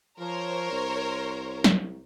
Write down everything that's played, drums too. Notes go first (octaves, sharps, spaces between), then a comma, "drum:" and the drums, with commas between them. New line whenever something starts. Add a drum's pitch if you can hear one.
F3 A#4 C5 C#5
C2
drum: snare